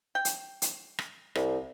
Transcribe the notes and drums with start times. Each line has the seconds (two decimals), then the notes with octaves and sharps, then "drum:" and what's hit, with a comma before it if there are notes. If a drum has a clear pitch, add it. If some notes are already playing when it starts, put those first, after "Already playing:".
0.15 G5
0.25 drum: hi-hat
0.62 drum: hi-hat
0.99 drum: rim click
1.35 C2, drum: rim click